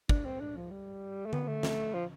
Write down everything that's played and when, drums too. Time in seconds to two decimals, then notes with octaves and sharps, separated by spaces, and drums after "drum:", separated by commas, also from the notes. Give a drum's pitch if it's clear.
0.09 D4, drum: kick
0.25 C4
0.40 D4
0.56 F3
0.71 G3
1.25 A3
1.33 B3, drum: tom D3
1.47 A3
1.63 drum: snare
1.94 F3